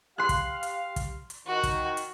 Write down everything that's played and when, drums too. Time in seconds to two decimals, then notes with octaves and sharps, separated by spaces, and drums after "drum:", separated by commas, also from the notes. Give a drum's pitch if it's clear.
0.18 G4 F5 C6 F#6
0.29 drum: kick, hi-hat
0.63 drum: hi-hat
0.96 drum: kick, hi-hat
1.30 drum: hi-hat
1.47 D#3 F#4
1.63 drum: kick, hi-hat
1.97 drum: hi-hat